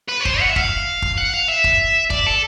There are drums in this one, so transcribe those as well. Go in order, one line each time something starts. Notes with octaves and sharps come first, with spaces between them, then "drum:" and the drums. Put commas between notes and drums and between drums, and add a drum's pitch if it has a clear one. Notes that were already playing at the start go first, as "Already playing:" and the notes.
B4
C#5
C5, drum: kick
F#5
E5
F5, drum: kick
drum: kick
F#5
F5
E5
drum: kick
D5, drum: kick
A4